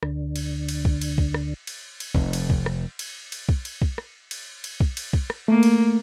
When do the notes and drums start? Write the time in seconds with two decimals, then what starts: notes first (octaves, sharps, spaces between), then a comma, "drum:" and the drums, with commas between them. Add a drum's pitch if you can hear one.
0.03 D2 D3, drum: rim click
0.36 drum: cymbal
0.69 drum: cymbal
0.85 drum: kick
1.01 drum: cymbal
1.18 drum: kick
1.34 drum: rim click
1.67 drum: cymbal
2.00 drum: cymbal
2.15 F1, drum: kick
2.33 drum: cymbal
2.50 drum: kick
2.66 drum: rim click
2.99 drum: cymbal
3.32 drum: cymbal
3.49 drum: kick
3.65 drum: cymbal
3.82 drum: kick
3.98 drum: rim click
4.31 drum: cymbal
4.64 drum: cymbal
4.80 drum: kick
4.97 drum: cymbal
5.13 drum: kick
5.30 drum: rim click
5.48 A3 A#3
5.63 drum: cymbal